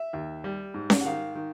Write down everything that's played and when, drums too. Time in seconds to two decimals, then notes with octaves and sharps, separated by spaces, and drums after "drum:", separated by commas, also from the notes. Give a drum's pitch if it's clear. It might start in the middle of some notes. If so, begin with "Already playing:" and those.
Already playing: E5
0.13 D#2
0.44 G3
0.74 G#2
0.90 drum: snare C#4
1.01 F#5
1.05 D#3 F5
1.35 D#3